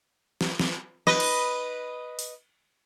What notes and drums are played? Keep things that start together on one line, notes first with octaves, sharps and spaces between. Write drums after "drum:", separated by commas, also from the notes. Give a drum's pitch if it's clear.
drum: snare
drum: snare
B4 D#5, drum: snare
drum: cymbal
drum: open hi-hat